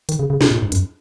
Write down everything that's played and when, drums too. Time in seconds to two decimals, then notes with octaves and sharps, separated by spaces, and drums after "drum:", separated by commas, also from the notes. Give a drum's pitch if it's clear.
0.09 D#3, drum: hi-hat
0.19 C#3
0.30 C#3
0.41 C3, drum: snare
0.51 A#2
0.62 G#2
0.72 F#2, drum: hi-hat